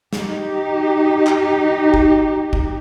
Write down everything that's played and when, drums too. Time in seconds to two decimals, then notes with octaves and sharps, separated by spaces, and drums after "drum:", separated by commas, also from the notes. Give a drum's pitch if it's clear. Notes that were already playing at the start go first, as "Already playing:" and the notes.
0.13 D#4 G4, drum: snare
1.27 drum: clap
1.94 drum: kick
2.53 drum: kick